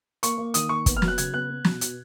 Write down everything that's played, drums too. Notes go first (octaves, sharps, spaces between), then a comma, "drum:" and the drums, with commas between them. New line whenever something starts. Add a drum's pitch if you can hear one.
A#3 C#6, drum: hi-hat
A#3
D#3 D#6, drum: hi-hat
A#3 C#6
B3, drum: kick, hi-hat
F6
F#3, drum: snare
F#6
C#3 G#6, drum: hi-hat
B3 F#6
B3
B2, drum: snare
B2, drum: hi-hat